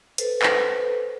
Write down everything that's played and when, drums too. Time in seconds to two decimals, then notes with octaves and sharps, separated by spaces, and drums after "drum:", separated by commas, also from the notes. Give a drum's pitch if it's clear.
0.18 A4 B4 C5, drum: hi-hat
0.42 drum: clap